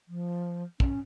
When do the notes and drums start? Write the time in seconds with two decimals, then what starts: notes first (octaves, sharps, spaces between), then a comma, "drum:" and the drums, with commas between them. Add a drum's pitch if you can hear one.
0.08 F3
0.80 C#4, drum: kick